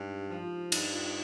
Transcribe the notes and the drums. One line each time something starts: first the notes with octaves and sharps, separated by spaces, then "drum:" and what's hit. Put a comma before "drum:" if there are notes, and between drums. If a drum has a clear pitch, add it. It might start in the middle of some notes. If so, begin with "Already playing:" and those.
Already playing: G2 G#3 D4 D#4
G4
F3
F4
G2 D#4, drum: cymbal
F4